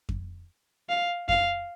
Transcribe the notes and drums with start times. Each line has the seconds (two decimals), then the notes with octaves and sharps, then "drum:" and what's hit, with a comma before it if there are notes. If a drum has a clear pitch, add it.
0.09 drum: kick F2
0.89 F5
1.29 F5, drum: kick F2